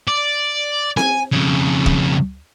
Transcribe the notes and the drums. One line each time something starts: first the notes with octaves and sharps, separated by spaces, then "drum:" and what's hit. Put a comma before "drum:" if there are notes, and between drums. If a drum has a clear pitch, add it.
D5
G#5, drum: snare C4
F2 C#3
drum: kick